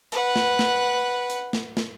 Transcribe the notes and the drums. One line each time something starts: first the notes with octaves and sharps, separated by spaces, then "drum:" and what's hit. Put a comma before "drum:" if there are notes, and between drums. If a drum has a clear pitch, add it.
B4 F#5, drum: hi-hat
drum: snare
drum: snare
drum: hi-hat
drum: snare
drum: snare